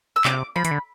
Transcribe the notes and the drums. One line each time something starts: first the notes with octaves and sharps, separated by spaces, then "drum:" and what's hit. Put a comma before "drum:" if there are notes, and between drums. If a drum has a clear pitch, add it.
E6
C3 D6, drum: clap
F3 B5
E3, drum: hi-hat
D3